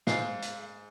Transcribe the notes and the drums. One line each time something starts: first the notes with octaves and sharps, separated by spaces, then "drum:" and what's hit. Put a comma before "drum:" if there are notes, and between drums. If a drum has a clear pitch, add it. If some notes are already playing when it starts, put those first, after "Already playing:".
G#2 F5, drum: snare
drum: hi-hat